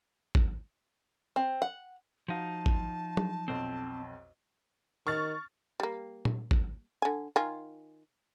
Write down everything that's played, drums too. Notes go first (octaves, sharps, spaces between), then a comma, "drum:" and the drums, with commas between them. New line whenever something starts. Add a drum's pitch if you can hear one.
drum: kick G#1
C4
F#5
F3 D#4 F#4 F5 A5
drum: kick G#1
drum: tom F#3
B1 F2 C4
D#3 C#6 F6 A6
G3 A#3
drum: tom A#2
drum: kick G#1
D3 G#5
D#3 F4 G#5